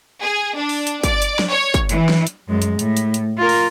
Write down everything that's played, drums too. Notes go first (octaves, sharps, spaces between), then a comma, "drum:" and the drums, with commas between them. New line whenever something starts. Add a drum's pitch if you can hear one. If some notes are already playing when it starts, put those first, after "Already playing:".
G#4
D4
drum: open hi-hat
drum: hi-hat
D5, drum: kick, hi-hat
drum: hi-hat
drum: snare
C#5
drum: kick, hi-hat
E3, drum: hi-hat
drum: snare
drum: hi-hat
F#2 G#3
drum: hi-hat
A2, drum: hi-hat
drum: hi-hat
drum: hi-hat
F4 A#4
drum: open hi-hat